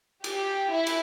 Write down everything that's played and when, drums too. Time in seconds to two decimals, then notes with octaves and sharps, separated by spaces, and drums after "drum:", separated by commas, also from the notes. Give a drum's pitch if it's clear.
0.24 G4, drum: cymbal
0.71 E4
0.87 drum: cymbal